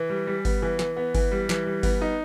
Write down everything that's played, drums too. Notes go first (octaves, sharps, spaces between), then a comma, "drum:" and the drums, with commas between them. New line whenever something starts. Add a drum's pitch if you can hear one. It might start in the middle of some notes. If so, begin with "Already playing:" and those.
Already playing: E3
G3
G3
B3, drum: kick G1, open hi-hat
E3
E3, drum: snare
B3
E3, drum: kick G1, open hi-hat
G3
E3, drum: snare
G3
B3, drum: kick G1, open hi-hat
D#4